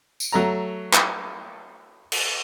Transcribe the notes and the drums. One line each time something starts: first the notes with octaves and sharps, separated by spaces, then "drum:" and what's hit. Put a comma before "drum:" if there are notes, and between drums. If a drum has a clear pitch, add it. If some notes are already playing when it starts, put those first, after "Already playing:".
drum: tambourine
F#3 A3 A#5
drum: clap
drum: cymbal